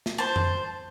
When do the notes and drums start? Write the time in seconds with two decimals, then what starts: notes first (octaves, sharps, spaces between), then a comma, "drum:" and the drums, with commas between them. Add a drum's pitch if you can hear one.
0.06 drum: snare
0.18 C5 A5
0.36 drum: tom F2